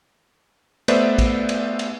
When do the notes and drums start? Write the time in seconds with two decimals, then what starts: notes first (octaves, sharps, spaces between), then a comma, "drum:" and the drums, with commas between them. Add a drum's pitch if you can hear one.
0.88 A3 B3 B4 C5 D5 E5, drum: cymbal
1.18 drum: kick A#1, cymbal
1.49 drum: cymbal
1.79 drum: cymbal